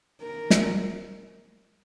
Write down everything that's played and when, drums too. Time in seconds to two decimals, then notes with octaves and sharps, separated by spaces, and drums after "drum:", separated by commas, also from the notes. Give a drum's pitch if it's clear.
0.22 A#4
0.50 drum: snare